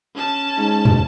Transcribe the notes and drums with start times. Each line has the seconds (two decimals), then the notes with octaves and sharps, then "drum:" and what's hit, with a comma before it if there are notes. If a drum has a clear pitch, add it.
0.15 C#4 A5
0.57 G#2
0.85 drum: tom